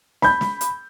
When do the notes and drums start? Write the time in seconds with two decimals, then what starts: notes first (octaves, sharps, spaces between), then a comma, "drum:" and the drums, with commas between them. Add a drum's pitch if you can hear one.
0.22 B5 G6, drum: snare
0.41 drum: snare
0.61 drum: hi-hat